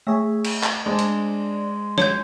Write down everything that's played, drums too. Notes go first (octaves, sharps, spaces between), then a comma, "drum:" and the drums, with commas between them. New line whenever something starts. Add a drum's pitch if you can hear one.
A3 G#4 C#5 E5
drum: cymbal
drum: clap
G#3 D4 C5 D5
drum: hi-hat
C#5 G6, drum: snare